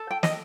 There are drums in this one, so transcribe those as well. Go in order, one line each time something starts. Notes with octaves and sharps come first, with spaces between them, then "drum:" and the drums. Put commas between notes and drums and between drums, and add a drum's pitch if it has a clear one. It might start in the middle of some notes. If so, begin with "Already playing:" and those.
Already playing: A4
G5
D#5, drum: snare